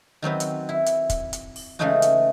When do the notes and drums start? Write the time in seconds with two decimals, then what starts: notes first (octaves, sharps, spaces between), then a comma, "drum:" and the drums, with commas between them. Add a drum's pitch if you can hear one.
0.22 D#3 F#3 C4 B4
0.40 drum: hi-hat
0.69 E4
0.86 drum: hi-hat
1.10 drum: kick, hi-hat
1.33 drum: hi-hat
1.56 drum: open hi-hat
1.79 C#3 E3 G#3 A3 D#4 F#4
2.02 drum: hi-hat